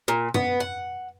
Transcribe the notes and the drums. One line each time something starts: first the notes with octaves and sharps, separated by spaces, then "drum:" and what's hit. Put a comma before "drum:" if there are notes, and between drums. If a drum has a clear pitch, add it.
A#2
B3, drum: tom
F#5